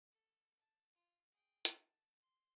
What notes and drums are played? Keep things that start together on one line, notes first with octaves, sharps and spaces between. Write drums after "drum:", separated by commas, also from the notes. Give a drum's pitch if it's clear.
A4
A5
F4
G#4 G5
drum: hi-hat
A5
C6